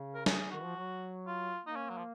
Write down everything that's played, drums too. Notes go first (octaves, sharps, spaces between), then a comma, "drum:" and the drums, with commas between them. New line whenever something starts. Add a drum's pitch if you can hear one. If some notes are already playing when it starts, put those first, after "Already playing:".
Already playing: C#3
A#4
G#4, drum: snare
G#4
D#3 F#4
F3
F#3
F4
A#3 D#4
C#4
F#3
F3